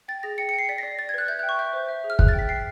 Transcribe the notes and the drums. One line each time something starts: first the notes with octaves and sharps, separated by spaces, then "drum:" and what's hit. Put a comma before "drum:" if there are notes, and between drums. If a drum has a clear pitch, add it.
G5 A6
G#4 A#6
G5 C#7
C#7
G5
C7
D5 B6
A#6
D5
D5 A6
G#6
B4 F#6
E5 G6
F#6
G5
C#6
E5 G6
C5
E5
G#4
F6
G#4 F#6, drum: kick
A6
G5
B6
G5 C7